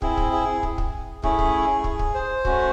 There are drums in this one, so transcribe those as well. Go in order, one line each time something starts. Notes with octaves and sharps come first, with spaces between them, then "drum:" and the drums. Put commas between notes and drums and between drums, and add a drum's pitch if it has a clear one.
C4 E4 G#4, drum: kick
drum: kick
G#4
drum: kick
drum: kick
A3 C#4 E4 G#4, drum: kick
drum: kick
drum: kick
drum: kick
C5
A3 C#4 F#4, drum: kick